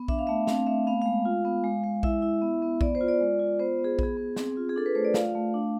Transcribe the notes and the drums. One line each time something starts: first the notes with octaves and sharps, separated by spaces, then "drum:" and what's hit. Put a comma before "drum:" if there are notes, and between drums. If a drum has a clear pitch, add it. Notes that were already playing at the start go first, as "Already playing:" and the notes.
Already playing: B3
D4 E5, drum: kick A#1
F5
A3 E5
C4 F5, drum: snare
A3 E5
B3 F5
G#3 F5
F4
B3
G#3
G#3
E4 E5, drum: kick A#1
E4
B3
B3
B3 D5, drum: kick A#1
C5
F4
D5
G#3
F4
B3 C5
B3
G#4
B3 G#4, drum: kick A#1
B3
C4, drum: snare
F4
G#4
D4 A4
B4
A3 C5
D5
F4 F5, drum: snare
A3
D4